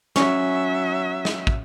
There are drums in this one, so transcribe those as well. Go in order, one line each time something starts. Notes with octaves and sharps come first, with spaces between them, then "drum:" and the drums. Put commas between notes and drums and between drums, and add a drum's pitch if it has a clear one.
F#3 C#4 E5, drum: snare
drum: snare
drum: kick